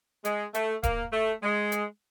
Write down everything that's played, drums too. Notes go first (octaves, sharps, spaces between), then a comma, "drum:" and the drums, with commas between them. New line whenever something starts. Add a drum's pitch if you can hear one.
G#3, drum: hi-hat
A3, drum: hi-hat
A#3, drum: kick D1, hi-hat
A3
G#3
drum: hi-hat